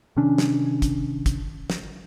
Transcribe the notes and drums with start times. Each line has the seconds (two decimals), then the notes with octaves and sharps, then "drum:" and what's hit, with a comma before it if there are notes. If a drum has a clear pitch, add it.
0.17 C3 D#3 C#4 D4
0.38 drum: snare
0.82 drum: kick, hi-hat
1.26 drum: kick, hi-hat
1.70 drum: snare